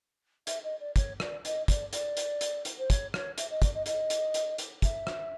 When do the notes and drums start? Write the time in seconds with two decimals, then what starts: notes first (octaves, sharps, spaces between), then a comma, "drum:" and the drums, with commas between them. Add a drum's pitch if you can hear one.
0.47 E5, drum: hi-hat
0.63 D#5
0.80 D5
0.96 C#5, drum: kick, hi-hat
1.20 D5, drum: rim click
1.45 D#5, drum: hi-hat
1.68 D5, drum: kick, hi-hat
1.93 D5, drum: hi-hat
2.17 drum: hi-hat
2.41 drum: hi-hat
2.65 drum: hi-hat
2.78 C5
2.90 C#5, drum: kick, hi-hat
3.14 C#5, drum: rim click
3.38 E5, drum: hi-hat
3.50 D#5
3.62 D5, drum: kick, hi-hat
3.74 D#5
3.86 D#5, drum: hi-hat
4.10 drum: hi-hat
4.34 drum: hi-hat
4.58 drum: hi-hat
4.82 E5, drum: kick, hi-hat
5.07 drum: rim click